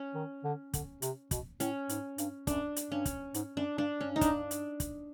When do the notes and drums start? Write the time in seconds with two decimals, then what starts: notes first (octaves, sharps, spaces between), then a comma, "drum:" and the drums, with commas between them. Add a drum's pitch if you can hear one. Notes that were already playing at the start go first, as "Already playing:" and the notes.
Already playing: C#4
0.14 D#3
0.44 D3
0.74 D3, drum: kick, hi-hat
1.02 C3, drum: hi-hat
1.31 B2, drum: kick, hi-hat
1.60 A2 C#4, drum: hi-hat
1.89 G#2, drum: hi-hat
2.18 G2, drum: hi-hat
2.47 F#2 D4, drum: kick, hi-hat
2.76 drum: hi-hat
2.91 G2 C#4
3.05 drum: kick, hi-hat
3.34 G#2, drum: hi-hat
3.57 F#2 D4
3.78 G2 D4
4.00 G2 C#4
4.16 D#4
4.21 D4, drum: kick, hi-hat
4.51 drum: hi-hat
4.80 drum: kick, hi-hat